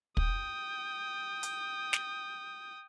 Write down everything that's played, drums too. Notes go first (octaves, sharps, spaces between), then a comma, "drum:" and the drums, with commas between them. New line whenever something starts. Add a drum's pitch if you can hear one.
G5 D#6, drum: kick
drum: hi-hat
drum: snare